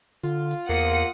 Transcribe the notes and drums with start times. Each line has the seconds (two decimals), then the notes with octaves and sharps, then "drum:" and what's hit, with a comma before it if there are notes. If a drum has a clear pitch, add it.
0.23 D3 F4, drum: hi-hat
0.51 drum: hi-hat
0.69 E2 A#3 F#5 D#6 C#7
0.78 drum: hi-hat